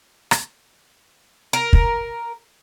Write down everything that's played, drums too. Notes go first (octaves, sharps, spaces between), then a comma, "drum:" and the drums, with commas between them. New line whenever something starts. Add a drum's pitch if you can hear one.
drum: rim click
A#4
drum: kick